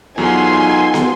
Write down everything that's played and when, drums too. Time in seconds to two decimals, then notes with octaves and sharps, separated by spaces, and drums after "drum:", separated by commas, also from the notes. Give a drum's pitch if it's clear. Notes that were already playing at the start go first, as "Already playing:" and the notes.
0.18 E2 F#3 B3 D#4 F4 A4 G#5 C6
0.94 drum: snare